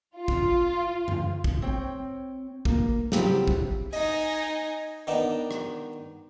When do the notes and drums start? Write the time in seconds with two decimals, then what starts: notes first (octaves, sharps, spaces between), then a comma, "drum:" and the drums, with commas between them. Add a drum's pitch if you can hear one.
0.17 F4
0.28 drum: kick
1.08 drum: tom F#2
1.44 drum: kick
1.62 C4 C#5 G5
2.65 A#3, drum: kick
3.12 C#3 F#3 G3 C4 E4 G4, drum: snare
3.48 drum: kick
3.93 D#4 D#5 G#5, drum: open hi-hat
5.07 D#3 B3 D4 D#4
5.51 drum: rim click